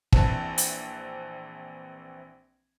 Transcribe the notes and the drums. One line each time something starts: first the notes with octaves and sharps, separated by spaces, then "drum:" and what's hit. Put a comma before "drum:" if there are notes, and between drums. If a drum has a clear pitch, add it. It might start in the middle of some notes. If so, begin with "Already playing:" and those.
A#1 E3 C4 A5, drum: kick
drum: hi-hat